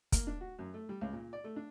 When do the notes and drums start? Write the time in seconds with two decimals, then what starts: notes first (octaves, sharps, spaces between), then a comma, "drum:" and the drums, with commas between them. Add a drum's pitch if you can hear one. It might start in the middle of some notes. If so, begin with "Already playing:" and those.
0.12 A#3, drum: kick, hi-hat
0.27 D4
0.41 F#4
0.59 F#2
0.74 A3
0.89 G3
1.01 C#2
1.13 A#2
1.33 D5
1.44 A3
1.56 D4